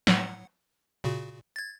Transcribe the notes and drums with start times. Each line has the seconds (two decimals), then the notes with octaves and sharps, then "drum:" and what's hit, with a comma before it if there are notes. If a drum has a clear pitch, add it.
0.07 A2 F#3 F#5, drum: snare
1.04 A#2 C#3 F#4
1.56 G#6 A6